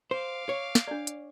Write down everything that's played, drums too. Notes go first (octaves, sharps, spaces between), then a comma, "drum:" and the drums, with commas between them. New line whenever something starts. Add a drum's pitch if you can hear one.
C5 F5 D6
C#5
drum: snare
D4 D5
drum: hi-hat